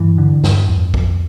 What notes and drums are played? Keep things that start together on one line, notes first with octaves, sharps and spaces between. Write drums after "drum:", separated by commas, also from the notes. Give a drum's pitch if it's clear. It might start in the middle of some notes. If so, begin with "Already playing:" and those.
Already playing: G2 E3
D3
G2, drum: snare
F2
F2, drum: kick B1